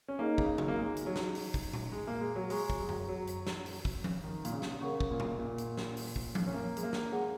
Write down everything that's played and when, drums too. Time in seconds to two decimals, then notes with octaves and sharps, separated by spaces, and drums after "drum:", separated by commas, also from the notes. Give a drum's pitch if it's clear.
0.08 C#4
0.19 A#3 D#4 G#4 D#5
0.38 C#3, drum: kick
0.58 F#3, drum: tom C#3
0.68 A#3
0.77 G#3
0.96 drum: hi-hat
1.06 F#3
1.16 drum: snare
1.35 drum: open hi-hat
1.54 drum: kick
1.73 drum: tom A#2
1.92 G#3
2.07 A#3
2.21 G#3
2.36 F#3
2.50 G#3 C#5 A#5 C#6, drum: open hi-hat
2.70 drum: kick
2.79 F#3
2.89 drum: tom F#2
3.08 F#3
3.27 drum: hi-hat
3.47 drum: snare
3.66 drum: open hi-hat
3.85 drum: kick
4.04 drum: tom F3
4.24 D#3
4.45 A#2, drum: hi-hat
4.53 C#3
4.62 drum: snare
4.81 C#3 A#4 F#5 C#6
5.00 drum: kick
5.11 A#2
5.20 drum: tom A#2
5.39 A#2
5.58 drum: hi-hat
5.77 drum: snare
5.97 drum: open hi-hat
6.16 drum: kick
6.35 drum: tom F3
6.47 C#4
6.54 A#3
6.77 G#3, drum: hi-hat
6.83 A#3
6.93 drum: snare
7.12 G#3 G#4 C#5 F#5